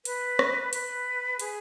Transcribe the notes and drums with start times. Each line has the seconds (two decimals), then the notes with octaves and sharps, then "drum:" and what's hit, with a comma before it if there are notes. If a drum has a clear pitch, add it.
0.05 B4, drum: hi-hat
0.39 drum: rim click
0.73 B4, drum: hi-hat
1.40 G#4, drum: hi-hat